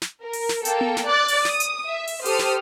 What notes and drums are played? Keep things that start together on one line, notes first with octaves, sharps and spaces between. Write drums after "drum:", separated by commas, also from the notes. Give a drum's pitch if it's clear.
drum: snare
A#4
drum: open hi-hat
drum: snare
A#3 A4 G5, drum: hi-hat
drum: tom B3
drum: snare
D5 F#6 A6
drum: open hi-hat
D#6, drum: snare
drum: hi-hat
E5
drum: open hi-hat
G4 A4 C5 D#6 F6, drum: open hi-hat
drum: snare